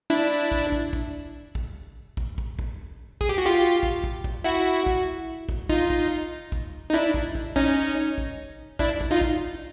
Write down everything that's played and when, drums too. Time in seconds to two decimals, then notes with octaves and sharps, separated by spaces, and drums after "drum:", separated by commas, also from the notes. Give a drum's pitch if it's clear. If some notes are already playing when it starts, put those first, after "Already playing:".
0.10 D4 E4
0.52 drum: kick
0.72 drum: kick
0.93 drum: kick
1.55 drum: kick
2.17 drum: kick
2.38 drum: kick
2.59 drum: kick
3.21 G#4, drum: kick
3.29 G4
3.38 F#4
3.46 F4 G4
3.83 drum: kick
4.04 drum: kick
4.24 drum: kick
4.44 E4 F#4
4.86 drum: kick
5.49 drum: kick
5.69 D#4 F4, drum: kick
5.90 drum: kick
6.52 drum: kick
6.90 D#4
6.93 D4 E4
7.14 drum: kick
7.35 drum: kick
7.56 C#4 D#4, drum: kick
8.18 drum: kick
8.79 D4 E4, drum: kick
9.01 drum: kick
9.11 D#4 F4
9.21 drum: kick